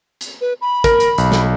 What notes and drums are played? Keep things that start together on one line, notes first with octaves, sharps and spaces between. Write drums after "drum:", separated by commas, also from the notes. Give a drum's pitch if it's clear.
drum: hi-hat
B4
B5
A#4, drum: kick, hi-hat
drum: hi-hat
B1, drum: hi-hat
drum: snare